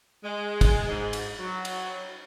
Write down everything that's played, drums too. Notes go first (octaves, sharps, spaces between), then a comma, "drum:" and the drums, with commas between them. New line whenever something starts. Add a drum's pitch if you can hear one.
G#3
drum: kick, cymbal
G#2
drum: cymbal
F#3
drum: cymbal